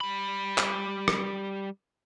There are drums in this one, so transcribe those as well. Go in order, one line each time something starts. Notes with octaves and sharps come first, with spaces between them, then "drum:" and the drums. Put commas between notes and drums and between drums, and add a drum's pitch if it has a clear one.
G3 B5
drum: clap
drum: rim click